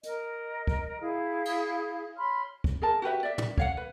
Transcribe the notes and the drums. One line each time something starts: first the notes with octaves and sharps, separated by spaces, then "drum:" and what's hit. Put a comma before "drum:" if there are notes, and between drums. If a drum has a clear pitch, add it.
A#4 D#5, drum: hi-hat
drum: kick
E4 G#4 F5
drum: cymbal
C#5 B5 C6 F6
drum: kick
G#4 A#4 A5
F#4 G4 B4 E5
D5 E5
drum: tom
C#5 F5 F#5, drum: kick
B4